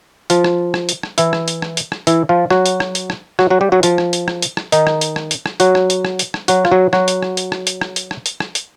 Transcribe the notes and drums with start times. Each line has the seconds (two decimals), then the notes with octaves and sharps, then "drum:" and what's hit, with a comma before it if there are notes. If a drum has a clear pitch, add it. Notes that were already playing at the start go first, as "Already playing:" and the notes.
0.30 F3 F4, drum: hi-hat
0.44 drum: rim click
0.74 drum: rim click
0.89 drum: hi-hat
1.03 drum: rim click
1.18 E3 E4, drum: hi-hat
1.33 drum: rim click
1.48 drum: hi-hat
1.62 drum: rim click
1.77 drum: hi-hat
1.92 drum: rim click
2.07 E3 E4, drum: hi-hat
2.29 F3 F4
2.50 F#3 F#4, drum: rim click
2.66 drum: hi-hat
2.80 drum: rim click
2.95 drum: hi-hat
3.10 drum: rim click
3.39 F#3 F#4, drum: rim click
3.50 F#3 F#4
3.61 G3 G4
3.72 F#3 F#4
3.83 F3 F4, drum: hi-hat
3.98 drum: rim click
4.13 drum: hi-hat
4.28 drum: rim click
4.42 drum: hi-hat
4.57 drum: rim click
4.72 D#3 D#4, drum: hi-hat
4.87 drum: rim click
5.01 drum: hi-hat
5.16 drum: rim click
5.31 drum: hi-hat
5.46 drum: rim click
5.60 F#3 F#4, drum: hi-hat
5.75 drum: rim click
5.90 drum: hi-hat
6.05 drum: rim click
6.19 drum: hi-hat
6.34 drum: rim click
6.48 F#3 F#4, drum: hi-hat
6.65 F4, drum: rim click
6.72 F#3 F#4
6.93 F#3 F#4, drum: rim click
7.08 drum: hi-hat
7.22 drum: rim click
7.37 drum: hi-hat
7.52 drum: rim click
7.67 drum: hi-hat
7.81 drum: rim click
7.96 drum: hi-hat
8.11 drum: rim click
8.26 drum: hi-hat
8.40 drum: rim click
8.55 drum: hi-hat